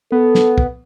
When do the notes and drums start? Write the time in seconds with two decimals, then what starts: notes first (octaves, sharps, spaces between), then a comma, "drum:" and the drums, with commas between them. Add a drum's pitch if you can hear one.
0.12 B3 A4
0.35 drum: snare
0.58 drum: kick